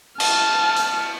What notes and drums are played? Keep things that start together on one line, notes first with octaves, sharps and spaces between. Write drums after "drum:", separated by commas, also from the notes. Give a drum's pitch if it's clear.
A5 F6, drum: cymbal
drum: hi-hat